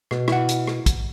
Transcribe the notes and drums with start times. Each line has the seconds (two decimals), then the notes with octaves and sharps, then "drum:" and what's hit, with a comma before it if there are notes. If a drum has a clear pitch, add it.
0.11 B2, drum: rim click
0.28 E4 F#5, drum: rim click
0.49 drum: hi-hat
0.67 drum: rim click
0.86 drum: kick, hi-hat